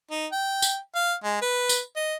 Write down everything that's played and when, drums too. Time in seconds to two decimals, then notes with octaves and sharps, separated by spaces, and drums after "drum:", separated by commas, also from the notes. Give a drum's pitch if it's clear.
0.11 D#4
0.32 G5
0.62 drum: tambourine
0.95 F5
1.24 G#3
1.42 B4
1.69 drum: tambourine
1.96 D#5